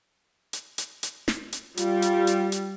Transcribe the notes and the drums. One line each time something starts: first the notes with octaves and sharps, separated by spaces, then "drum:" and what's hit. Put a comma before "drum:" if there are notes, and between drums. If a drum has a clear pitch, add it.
drum: hi-hat
drum: hi-hat
drum: hi-hat
drum: snare
drum: hi-hat
G3 F4, drum: hi-hat
drum: hi-hat
drum: hi-hat
drum: hi-hat